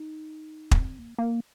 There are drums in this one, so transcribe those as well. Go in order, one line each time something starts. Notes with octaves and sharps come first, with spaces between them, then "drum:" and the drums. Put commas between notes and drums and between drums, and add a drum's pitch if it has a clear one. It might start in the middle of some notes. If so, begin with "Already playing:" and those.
Already playing: D#4
A#3, drum: kick
C4
A#3
A#3